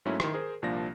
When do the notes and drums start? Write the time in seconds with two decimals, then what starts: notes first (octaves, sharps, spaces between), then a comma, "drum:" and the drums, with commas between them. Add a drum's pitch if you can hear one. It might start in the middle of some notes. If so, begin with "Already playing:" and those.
0.05 G#2 F#3 A3 A#3 C#4 E4
0.20 D#3 E4 C6, drum: rim click
0.34 G#4 A#4 C5
0.62 C2 A#2 F3 A#3 D4 A#6